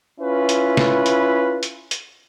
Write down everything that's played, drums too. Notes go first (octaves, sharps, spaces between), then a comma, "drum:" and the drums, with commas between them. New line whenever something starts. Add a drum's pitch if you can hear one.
C#4 E4 F4 B4
drum: hi-hat
drum: snare
drum: hi-hat
drum: hi-hat
drum: hi-hat